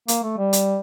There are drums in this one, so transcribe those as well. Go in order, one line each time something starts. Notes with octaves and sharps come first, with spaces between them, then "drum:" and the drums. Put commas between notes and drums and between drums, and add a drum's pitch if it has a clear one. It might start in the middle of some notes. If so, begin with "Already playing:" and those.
A#3, drum: hi-hat
A3
G3
drum: hi-hat